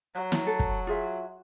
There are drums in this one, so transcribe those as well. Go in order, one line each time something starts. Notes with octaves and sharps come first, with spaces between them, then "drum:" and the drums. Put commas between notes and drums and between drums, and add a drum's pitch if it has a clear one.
F#3
drum: snare
A4
drum: kick
F4 G#4 E5